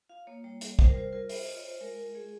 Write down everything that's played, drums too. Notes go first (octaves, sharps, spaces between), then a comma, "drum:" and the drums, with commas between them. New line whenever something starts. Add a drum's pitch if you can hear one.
F4 F5
A#3 C#5
G3 C#5
G3, drum: hi-hat
G3 C5, drum: kick
A#4
F4 C5
F4 A#4
F4 C5, drum: open hi-hat
F4 D#5
C#5
F4 C5
G#3 A#4
F4
G#3 G#4